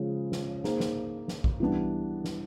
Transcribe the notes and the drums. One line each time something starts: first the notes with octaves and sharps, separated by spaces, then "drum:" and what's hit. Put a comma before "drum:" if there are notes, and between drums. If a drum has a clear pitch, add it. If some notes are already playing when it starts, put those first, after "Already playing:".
Already playing: C#3 F3 G#3
drum: snare
A#3 D#4 G#4 C5, drum: snare
drum: snare
drum: snare
drum: kick A1
E3 G3 B3 D4
drum: snare